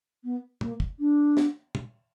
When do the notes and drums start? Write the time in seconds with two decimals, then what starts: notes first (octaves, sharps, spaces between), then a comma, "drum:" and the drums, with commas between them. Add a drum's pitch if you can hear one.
0.24 B3
0.61 A#3, drum: tom
0.80 drum: kick
0.99 D4
1.37 drum: snare
1.75 drum: tom